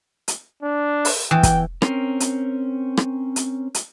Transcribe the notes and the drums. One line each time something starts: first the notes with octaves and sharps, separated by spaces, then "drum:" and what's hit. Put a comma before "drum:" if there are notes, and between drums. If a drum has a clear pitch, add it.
drum: hi-hat
D4
drum: open hi-hat
E2 E3 G5
drum: kick, hi-hat
C4 C#4 A#4, drum: rim click
drum: hi-hat
drum: rim click
drum: hi-hat
drum: hi-hat